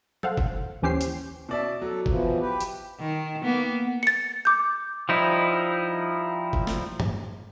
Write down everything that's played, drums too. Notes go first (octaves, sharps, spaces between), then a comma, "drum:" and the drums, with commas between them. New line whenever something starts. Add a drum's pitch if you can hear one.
A4 C5 F5 F#5, drum: tom
drum: kick
D#2 E3 C#4 G4 C5 C7
drum: hi-hat
B2 D5 E5 A5
F#3 A4
B2 E3 F3, drum: kick
G4 B4
drum: hi-hat
D#3
A#3 B3
A6 C#7
D6 G6
F3 G3 D#4 E4
drum: kick
drum: snare
drum: tom